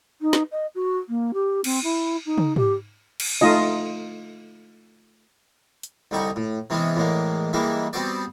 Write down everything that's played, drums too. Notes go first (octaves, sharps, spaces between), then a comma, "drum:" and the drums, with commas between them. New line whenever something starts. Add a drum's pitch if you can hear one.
D#4
drum: snare
D#5
F#4
A#3
G4
C4, drum: cymbal
E4
D#4
drum: tom
G4, drum: tom G#2
drum: cymbal
A3 D#4 F4 D#5
drum: hi-hat
C2 D3 G3 D#4 C#6
A2
C3 E3 G#3 B3 C#4
E2 A2 G#3 A#3
E3 G3 G#3 A#3 E4
G3 B3 C4 F#4 C5 D5